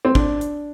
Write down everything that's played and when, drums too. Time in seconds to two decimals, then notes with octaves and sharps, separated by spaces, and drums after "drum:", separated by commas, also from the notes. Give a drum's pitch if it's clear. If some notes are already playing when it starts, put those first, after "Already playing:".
0.05 C4
0.15 D4, drum: kick
0.41 drum: hi-hat